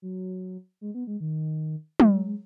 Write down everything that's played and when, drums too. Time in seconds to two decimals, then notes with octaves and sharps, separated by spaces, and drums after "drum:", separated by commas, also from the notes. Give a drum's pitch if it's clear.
0.02 F#3
0.81 G#3
0.94 B3
1.07 G#3
1.20 D#3
2.00 F#3, drum: tom
2.13 G#3
2.25 G#3